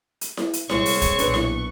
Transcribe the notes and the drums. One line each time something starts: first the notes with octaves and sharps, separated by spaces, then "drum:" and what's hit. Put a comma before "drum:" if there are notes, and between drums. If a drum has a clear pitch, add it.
drum: hi-hat
drum: snare E4
drum: hi-hat
C2 G#3 C4 C#5 C#6, drum: snare E4
drum: open hi-hat
drum: kick, hi-hat
B1 A#2 D4 B4, drum: hi-hat
drum: snare E4